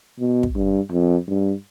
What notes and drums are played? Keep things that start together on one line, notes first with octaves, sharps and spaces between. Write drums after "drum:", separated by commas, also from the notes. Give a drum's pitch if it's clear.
B2
drum: kick
G2
F2
G2